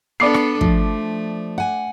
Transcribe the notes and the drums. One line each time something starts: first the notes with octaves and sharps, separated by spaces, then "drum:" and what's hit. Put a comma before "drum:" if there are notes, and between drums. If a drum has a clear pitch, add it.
B3 D4 A4 D5 D6 C7
drum: rim click
F3 A3, drum: kick
F#5 G#5